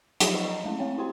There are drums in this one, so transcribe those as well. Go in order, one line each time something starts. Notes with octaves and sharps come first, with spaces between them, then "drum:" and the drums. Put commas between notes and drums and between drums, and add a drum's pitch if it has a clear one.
F3 F#3 D#4 F4 G4, drum: hi-hat
G#4 D#5 C#6
A#5
G#3 A3 C#4 E4
A3 C4 C#5 G5
E4 F#4 G4 C5 G5 C6